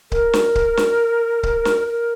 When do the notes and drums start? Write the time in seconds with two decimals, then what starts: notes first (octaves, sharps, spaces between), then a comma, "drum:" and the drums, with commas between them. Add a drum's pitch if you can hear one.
0.12 A#4, drum: kick C#1
0.33 drum: snare
0.55 drum: kick C#1
0.77 drum: snare
1.43 drum: kick C#1
1.65 drum: snare
1.88 A#4